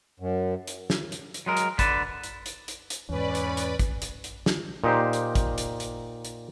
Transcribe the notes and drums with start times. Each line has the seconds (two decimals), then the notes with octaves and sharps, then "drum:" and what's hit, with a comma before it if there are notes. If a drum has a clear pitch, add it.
0.20 F#2
0.67 drum: hi-hat
0.90 drum: snare
1.12 drum: hi-hat
1.34 drum: hi-hat
1.46 F#3 G#3 A#4
1.57 drum: hi-hat
1.79 D3 B4 A5, drum: kick, hi-hat
2.23 drum: hi-hat
2.46 drum: hi-hat
2.68 drum: hi-hat
2.90 drum: hi-hat
3.09 E2 G#2 C#4 B4 D5 B5
3.35 drum: hi-hat
3.57 drum: hi-hat
3.79 drum: kick, hi-hat
4.02 drum: hi-hat
4.24 drum: hi-hat
4.46 drum: snare
4.84 A#2 D#4 G4 C5
5.13 drum: hi-hat
5.35 drum: kick, hi-hat
5.58 drum: hi-hat
5.80 drum: hi-hat
6.25 drum: hi-hat